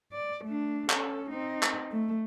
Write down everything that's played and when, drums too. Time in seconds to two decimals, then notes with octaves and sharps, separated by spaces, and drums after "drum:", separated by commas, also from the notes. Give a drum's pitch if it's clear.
0.13 D5
0.45 A3 D4
0.90 C#4 A4, drum: clap
1.30 C4 D#4
1.63 drum: clap
1.92 A3